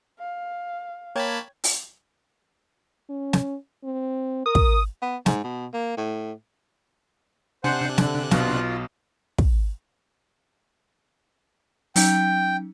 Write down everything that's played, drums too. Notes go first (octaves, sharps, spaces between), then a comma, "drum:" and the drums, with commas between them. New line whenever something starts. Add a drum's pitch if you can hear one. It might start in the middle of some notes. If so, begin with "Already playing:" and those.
F5
A#3 C#5 G5 A5 B5 G#6
drum: open hi-hat
C#4
drum: snare
C4
A#4 D#6
drum: kick
B3
G#2, drum: snare
B2
A#3
A2
C3 D4 C5 F#5 G#5 F#6
D3, drum: snare
B1 B2 F4, drum: snare
drum: kick
F#3 C#4 D#4 G5, drum: open hi-hat